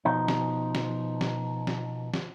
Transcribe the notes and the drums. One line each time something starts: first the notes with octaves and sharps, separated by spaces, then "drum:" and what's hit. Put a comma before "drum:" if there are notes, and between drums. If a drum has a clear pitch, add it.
B2 F3 D#4
drum: snare
drum: snare
drum: snare
drum: snare
drum: snare